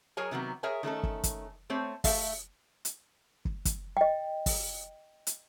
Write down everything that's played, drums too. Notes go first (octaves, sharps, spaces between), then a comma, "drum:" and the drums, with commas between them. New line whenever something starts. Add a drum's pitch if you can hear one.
F#3 G#4 A#4 C#5 G#5
C3 D#3 F#3 B3
G#4 A#4 C#5 E5 G#5
D#3 A3 C#4 A4
drum: kick
drum: kick, hi-hat
A3 C4 C5 C#5
A3 A4 E5 F5, drum: kick, open hi-hat
drum: hi-hat
drum: kick
drum: kick, hi-hat
D#5 G5
drum: kick, open hi-hat
drum: hi-hat